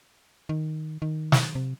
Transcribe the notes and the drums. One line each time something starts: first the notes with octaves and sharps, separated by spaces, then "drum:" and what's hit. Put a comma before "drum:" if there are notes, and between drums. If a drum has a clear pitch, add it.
D#3
D#3
drum: snare
C3